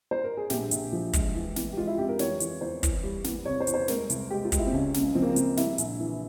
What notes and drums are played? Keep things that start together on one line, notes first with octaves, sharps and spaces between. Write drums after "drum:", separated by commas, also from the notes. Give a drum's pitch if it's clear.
C5
A#4
G#4
A#1 G4, drum: snare
A#1, drum: hi-hat
F3
G#3, drum: kick, hi-hat
E3
E3, drum: snare
G4
G#3 F4
E4
F2 G4
A#4
E3 C#5, drum: snare
E3, drum: hi-hat
E2 C5
E3, drum: kick, hi-hat
G3
E2, drum: snare
C3 C#5
C5
E2, drum: hi-hat
C5
G#3 A#4, drum: snare
C2, drum: hi-hat
G#3 G4
F4
G#3, drum: kick, hi-hat
E4
C4
C#2 C#4
C#3, drum: snare
F3 C4
A#3
C4
F3, drum: hi-hat
G3 E4, drum: snare
A#1, drum: hi-hat
E3